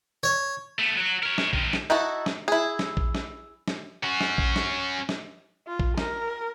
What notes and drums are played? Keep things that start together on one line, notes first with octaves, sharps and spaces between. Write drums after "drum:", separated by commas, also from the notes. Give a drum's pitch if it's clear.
C#5
A3 B3
F#3 F#4
A#4 C#5
drum: snare
D#3 C4, drum: kick A#1
drum: snare
D#4 E4 F#4 A4
drum: snare
E4 G#4
drum: snare
drum: kick A#1
drum: snare
drum: snare
C#4 F#4
drum: snare
drum: kick A#1
drum: snare
drum: snare
F4
drum: kick A#1
A#4, drum: snare